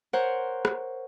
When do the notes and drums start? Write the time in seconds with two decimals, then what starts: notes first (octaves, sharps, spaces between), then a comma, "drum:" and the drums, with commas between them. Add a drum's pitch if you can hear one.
0.13 A#4 C5 C#5 F#5
0.65 drum: rim click